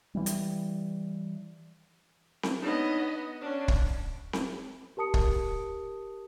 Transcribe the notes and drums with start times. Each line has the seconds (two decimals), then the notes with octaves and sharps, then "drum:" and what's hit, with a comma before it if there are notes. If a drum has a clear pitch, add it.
0.15 E3 G3
0.26 drum: hi-hat
2.43 drum: snare C4
2.62 B3 D4 D#4 C#5 D#5
3.02 F#5
3.41 C#4 D4
3.68 drum: kick
4.33 drum: snare C4
4.97 G4 A#4 A5 D#6 C#7
5.14 drum: kick